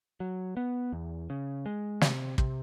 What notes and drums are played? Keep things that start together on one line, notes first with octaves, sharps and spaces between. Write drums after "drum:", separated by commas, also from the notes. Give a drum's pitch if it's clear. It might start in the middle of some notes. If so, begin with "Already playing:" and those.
F#3
B3
E2
C#3
G#3
C3, drum: snare
C3, drum: kick